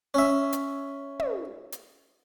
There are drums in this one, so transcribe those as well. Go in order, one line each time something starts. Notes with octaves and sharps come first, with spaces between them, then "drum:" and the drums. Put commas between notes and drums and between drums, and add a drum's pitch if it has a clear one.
C#4 E5
drum: hi-hat
drum: tom
drum: hi-hat